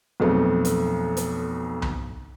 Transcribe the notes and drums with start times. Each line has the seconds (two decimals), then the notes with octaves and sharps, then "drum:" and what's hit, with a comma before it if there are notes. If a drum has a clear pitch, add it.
0.20 B1 F2 A3
0.65 drum: hi-hat
1.17 drum: hi-hat
1.82 drum: tom C2